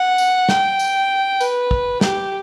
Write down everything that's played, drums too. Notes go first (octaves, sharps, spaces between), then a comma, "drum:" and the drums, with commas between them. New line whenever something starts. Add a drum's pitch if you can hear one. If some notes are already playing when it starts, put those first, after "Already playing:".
Already playing: F#5
drum: tambourine
G5, drum: snare
drum: tambourine
B4, drum: tambourine
drum: kick
G4, drum: snare